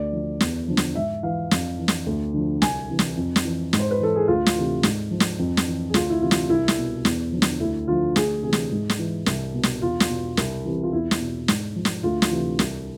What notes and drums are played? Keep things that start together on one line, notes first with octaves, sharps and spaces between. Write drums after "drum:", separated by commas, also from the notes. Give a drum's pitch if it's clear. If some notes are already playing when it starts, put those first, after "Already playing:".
Already playing: D2 D5
D3 F3
E2, drum: snare
D3 F3
drum: snare
G#2 E5
E3 F5
F2, drum: snare
E3
drum: snare
D2
D3 F3
C2 G#5, drum: snare
C3 E3
drum: snare
F2
drum: snare
E3
G#2, drum: snare
C5
B4
E3 A4
G#4
D2 F4
drum: snare
C3 E3
G#2, drum: snare
F3
drum: snare
F2
drum: snare
E3
G#4
D2 F4, drum: snare
E4
C3 E3 F4
drum: snare
C2 E4
drum: snare
B2
E2, drum: snare
D3 F3
drum: snare
D2 E4
D3 F3 F4
D2 G#4, drum: snare
C3 E3 G#4
drum: snare
G#2
drum: snare
E3
C2, drum: snare
B2
drum: snare
E2 F4
drum: snare
B2
C2, drum: snare
C3 E3
F4
E2 E4
drum: snare
B2
G#2, drum: snare
F3
drum: snare
D2 F4
drum: snare
C3 E3
C2, drum: snare